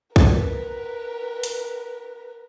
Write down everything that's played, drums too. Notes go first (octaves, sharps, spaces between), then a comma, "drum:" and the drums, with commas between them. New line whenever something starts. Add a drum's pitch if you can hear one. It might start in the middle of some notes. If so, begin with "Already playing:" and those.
A#4 B4, drum: kick
drum: hi-hat